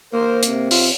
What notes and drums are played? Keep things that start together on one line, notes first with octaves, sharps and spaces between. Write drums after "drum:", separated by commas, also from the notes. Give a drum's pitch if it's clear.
A#3 A#4 C5
C3, drum: hi-hat
F4, drum: open hi-hat